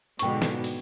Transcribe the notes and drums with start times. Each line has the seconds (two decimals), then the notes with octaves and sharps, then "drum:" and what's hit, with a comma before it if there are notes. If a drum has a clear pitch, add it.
0.19 G#2 B2 D3 G5 C#6, drum: hi-hat
0.42 drum: snare
0.64 drum: open hi-hat